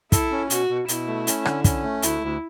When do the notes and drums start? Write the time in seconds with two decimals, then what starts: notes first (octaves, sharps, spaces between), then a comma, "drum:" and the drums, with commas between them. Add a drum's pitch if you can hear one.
0.12 E4 A4, drum: kick, hi-hat
0.32 C#4
0.50 B2 F#4, drum: hi-hat
0.69 B2
0.88 B2 E4, drum: hi-hat
1.08 A3
1.27 C#4, drum: hi-hat
1.45 D3, drum: rim click
1.64 C#4, drum: kick, hi-hat
1.84 A3
2.02 D2 E4, drum: hi-hat
2.22 D2